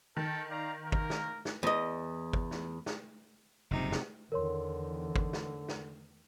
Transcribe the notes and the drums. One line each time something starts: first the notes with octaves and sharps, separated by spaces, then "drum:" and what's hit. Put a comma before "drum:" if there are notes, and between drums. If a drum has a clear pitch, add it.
D#3 A4 G5 A5
D5 F5 A#5
A#3 A#4
drum: kick
drum: snare
drum: snare
E2 D#5
drum: kick
drum: snare
drum: snare
F#1 F2 G#2 C3 D#4
drum: snare
E2 D3 D#3 A#4 C#5 C6
drum: kick
drum: snare
drum: snare